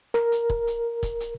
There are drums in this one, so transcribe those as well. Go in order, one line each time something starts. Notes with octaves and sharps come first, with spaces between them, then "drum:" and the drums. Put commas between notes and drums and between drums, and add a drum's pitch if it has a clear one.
A#4, drum: rim click
drum: hi-hat
drum: kick
drum: hi-hat
drum: kick, hi-hat
drum: hi-hat